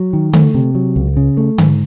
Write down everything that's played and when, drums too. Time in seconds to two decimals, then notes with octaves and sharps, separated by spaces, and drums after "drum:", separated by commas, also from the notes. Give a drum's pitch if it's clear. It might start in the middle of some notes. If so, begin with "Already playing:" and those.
Already playing: F#3
0.13 D#3
0.33 A3, drum: tom D3
0.55 C3
0.75 F#3
0.96 C#2
1.17 C#3
1.37 A3
1.58 G#2, drum: tom D3